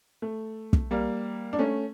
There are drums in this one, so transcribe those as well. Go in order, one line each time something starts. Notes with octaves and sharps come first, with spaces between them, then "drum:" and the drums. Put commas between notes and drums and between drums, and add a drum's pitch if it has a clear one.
A3
drum: kick
G3 A#3
D4
A3 C#4